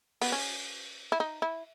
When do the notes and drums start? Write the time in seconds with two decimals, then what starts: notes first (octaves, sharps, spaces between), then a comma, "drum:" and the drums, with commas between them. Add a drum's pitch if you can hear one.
0.22 B3, drum: open hi-hat
0.32 C#4
1.12 E4
1.20 D#4
1.42 E4